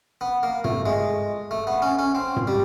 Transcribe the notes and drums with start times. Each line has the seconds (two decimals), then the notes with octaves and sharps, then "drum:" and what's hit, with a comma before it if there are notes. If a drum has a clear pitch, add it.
0.21 B3
0.43 A#3
0.64 A3, drum: tom
0.86 G#3
1.51 A3
1.67 B3
1.82 C#4
1.99 C#4
2.15 C4
2.36 drum: tom
2.47 G3